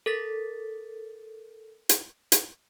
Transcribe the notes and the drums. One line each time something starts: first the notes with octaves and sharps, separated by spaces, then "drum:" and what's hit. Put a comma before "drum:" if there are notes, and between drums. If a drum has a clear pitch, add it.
A4 A#4 A6 B6
drum: hi-hat
drum: hi-hat